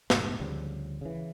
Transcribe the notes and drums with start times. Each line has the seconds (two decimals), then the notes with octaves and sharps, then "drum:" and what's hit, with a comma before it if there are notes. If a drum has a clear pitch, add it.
0.10 F1 A#1 G#2 B2, drum: snare
0.40 D2 C#3 F3 G3
1.01 C#3 E3